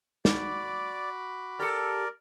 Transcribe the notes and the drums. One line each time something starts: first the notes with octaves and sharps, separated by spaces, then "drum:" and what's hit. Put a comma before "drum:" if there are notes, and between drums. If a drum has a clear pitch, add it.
F#4 D5 B5 D6, drum: snare
G4 A4 A#4 D5